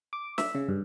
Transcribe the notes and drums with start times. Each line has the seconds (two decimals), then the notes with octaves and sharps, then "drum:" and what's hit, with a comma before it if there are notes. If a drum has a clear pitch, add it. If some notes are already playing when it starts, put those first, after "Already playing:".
0.13 D6
0.38 E5, drum: snare
0.55 C#3
0.69 G2